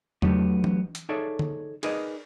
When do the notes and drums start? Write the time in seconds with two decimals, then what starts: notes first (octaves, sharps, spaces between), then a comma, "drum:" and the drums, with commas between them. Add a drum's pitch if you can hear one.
0.22 F#3 A3 B3 D#4 G4, drum: tom E2
0.64 drum: tom E3
0.95 drum: hi-hat
1.09 D#4 G#4 A4 C#5 D5 E5
1.39 drum: tom D3
1.83 D#4 G#4 A#4 B4 D5 D#5, drum: cymbal